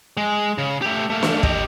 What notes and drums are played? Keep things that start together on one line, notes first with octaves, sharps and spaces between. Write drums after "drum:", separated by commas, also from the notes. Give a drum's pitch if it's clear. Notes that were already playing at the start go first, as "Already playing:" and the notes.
G#3
C#3
A3 G4
A3 A#3
drum: snare
G4 D#5, drum: kick